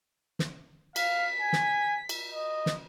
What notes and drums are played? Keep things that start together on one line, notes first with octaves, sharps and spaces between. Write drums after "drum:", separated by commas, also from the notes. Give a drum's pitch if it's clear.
drum: snare
F5 B6, drum: cymbal
G#5
drum: snare
drum: cymbal
D#5
drum: snare